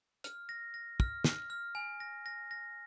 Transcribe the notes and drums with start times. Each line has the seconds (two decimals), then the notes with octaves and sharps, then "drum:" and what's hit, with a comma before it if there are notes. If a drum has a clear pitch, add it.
0.24 F6, drum: hi-hat
0.49 A#6
0.74 A#6
1.00 F6, drum: kick
1.24 F6, drum: snare
1.50 F6
1.75 G#5
2.00 A#6
2.26 A#6
2.51 A#6